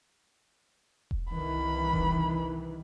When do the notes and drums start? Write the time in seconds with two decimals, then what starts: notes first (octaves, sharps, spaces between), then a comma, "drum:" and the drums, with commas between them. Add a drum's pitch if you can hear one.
1.11 drum: kick E1
1.31 C2 D#3 E3 B5
1.93 drum: kick E1